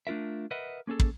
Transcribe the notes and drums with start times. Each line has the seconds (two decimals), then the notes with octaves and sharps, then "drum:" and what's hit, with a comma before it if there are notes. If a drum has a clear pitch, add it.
0.07 A3 D4 F4 A#4 E5
0.51 A#4 B4 D#5 E5 F#5
0.87 A#3 C#4 G#4 A4
0.99 drum: kick